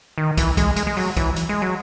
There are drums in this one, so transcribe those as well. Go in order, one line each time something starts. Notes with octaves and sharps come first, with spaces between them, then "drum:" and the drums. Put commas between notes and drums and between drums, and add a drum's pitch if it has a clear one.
D#3
E3, drum: kick, hi-hat
G#3, drum: kick, hi-hat
G#3, drum: hi-hat
G#3
F#3, drum: open hi-hat
E3, drum: kick, hi-hat
drum: hi-hat
G#3
F#3